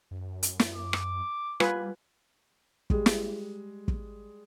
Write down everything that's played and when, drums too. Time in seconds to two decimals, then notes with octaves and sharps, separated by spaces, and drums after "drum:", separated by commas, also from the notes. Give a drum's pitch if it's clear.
0.11 F#2
0.43 drum: hi-hat
0.59 drum: snare
0.75 D6
0.93 drum: rim click
1.60 G3 F4 B4 G#5, drum: rim click
2.90 G3 G#3, drum: kick
3.06 drum: snare
3.88 drum: kick